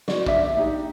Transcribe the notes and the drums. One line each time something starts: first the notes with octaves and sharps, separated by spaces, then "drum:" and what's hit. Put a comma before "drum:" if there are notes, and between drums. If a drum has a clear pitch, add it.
F#4 D5, drum: snare
D4 D5 E5, drum: kick
D4 D#4 G4